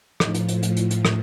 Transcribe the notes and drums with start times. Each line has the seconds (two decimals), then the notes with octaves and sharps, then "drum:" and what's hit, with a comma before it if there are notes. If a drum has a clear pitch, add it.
0.20 A2 F3 D#4, drum: rim click
0.34 drum: hi-hat
0.48 drum: hi-hat
0.63 drum: hi-hat
0.77 drum: hi-hat
0.91 drum: hi-hat
1.05 drum: rim click